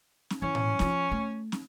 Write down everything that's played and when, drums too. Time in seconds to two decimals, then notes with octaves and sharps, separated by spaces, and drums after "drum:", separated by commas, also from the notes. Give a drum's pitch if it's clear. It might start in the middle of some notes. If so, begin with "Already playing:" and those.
0.30 drum: snare
0.42 E3 C#4
0.55 drum: tom A2
0.79 F3 F4, drum: snare
1.12 A3
1.52 drum: snare